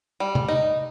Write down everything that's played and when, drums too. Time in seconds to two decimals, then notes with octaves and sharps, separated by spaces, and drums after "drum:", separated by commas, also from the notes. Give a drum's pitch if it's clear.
0.20 G3
0.35 drum: tom C3
0.48 D#4